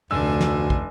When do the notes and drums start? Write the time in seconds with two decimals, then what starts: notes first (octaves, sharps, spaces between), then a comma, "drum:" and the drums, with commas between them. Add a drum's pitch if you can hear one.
0.11 F1 D2 D4 G#5 E6
0.40 drum: snare
0.70 drum: kick